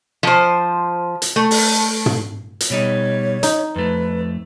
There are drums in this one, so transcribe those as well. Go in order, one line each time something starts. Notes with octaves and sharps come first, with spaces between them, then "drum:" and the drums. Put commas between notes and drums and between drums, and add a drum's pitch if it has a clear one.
F3 C5
drum: hi-hat
A3
drum: open hi-hat
drum: tom
drum: hi-hat
B2 G3 D#4 C#5
D#4, drum: hi-hat
F2 A3 B4